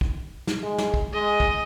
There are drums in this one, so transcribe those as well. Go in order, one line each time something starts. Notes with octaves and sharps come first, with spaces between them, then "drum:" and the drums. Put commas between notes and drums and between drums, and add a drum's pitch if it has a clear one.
drum: kick
drum: snare
G#3
drum: snare
drum: kick
G#3 D#5
drum: kick